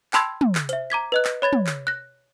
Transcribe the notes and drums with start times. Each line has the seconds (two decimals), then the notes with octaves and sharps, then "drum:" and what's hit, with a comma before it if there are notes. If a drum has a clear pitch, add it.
0.13 G5 A5 B5 C6 E6 G#6, drum: clap
0.41 drum: tom
0.55 drum: clap
0.69 C5 E5, drum: hi-hat
0.90 A#5 D6 G#6 B6
1.12 B4 D#5 F#6
1.25 drum: clap
1.42 C#5 B5 G#6 A6
1.53 drum: tom
1.67 drum: clap
1.87 F#6 A#6